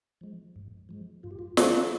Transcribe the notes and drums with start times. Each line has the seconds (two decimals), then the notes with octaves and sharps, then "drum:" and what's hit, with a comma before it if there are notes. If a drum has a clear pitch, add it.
0.21 F3 G#3
0.56 G2
0.89 F3 G#3
1.23 G2 F4
1.31 G4
1.39 F4
1.57 F3 G#3 D4, drum: snare